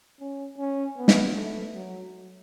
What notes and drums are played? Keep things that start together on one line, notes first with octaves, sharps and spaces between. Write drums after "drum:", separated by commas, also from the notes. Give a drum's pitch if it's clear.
C#4
C#4
B3
drum: snare
A3
F#3